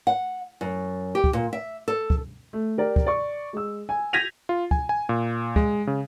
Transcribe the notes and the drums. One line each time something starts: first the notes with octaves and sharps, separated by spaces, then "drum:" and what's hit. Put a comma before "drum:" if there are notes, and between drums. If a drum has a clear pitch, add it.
F#5
F#2
G4
drum: kick C#2
A#2
E5
A4
drum: kick C#2
A3
G4 A#4 D5
drum: kick C#2
D5 C#6
G#3 E6
G#5
G6 G#6 A#6 B6 D#7 F7
F4
G#5, drum: kick C#2
G#5
A#2
G#3, drum: kick C#2
C#3